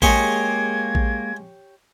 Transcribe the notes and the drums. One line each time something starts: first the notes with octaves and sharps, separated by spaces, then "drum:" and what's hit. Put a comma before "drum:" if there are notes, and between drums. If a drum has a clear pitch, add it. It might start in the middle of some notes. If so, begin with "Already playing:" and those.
G#3 A#3 G4 G#4 C#5 G#5 C6 G#6, drum: kick A1
drum: kick A1